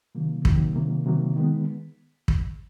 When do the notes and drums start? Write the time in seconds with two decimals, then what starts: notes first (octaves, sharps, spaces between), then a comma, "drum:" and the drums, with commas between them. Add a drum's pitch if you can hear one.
0.15 C3 D#3 F#3 A#3
0.45 C3 D#3 F#3 A#3, drum: kick
0.75 C3 D#3 F#3 A#3
1.06 C3 D#3 F#3 A#3
1.36 D#3 G#3 B3
2.28 drum: kick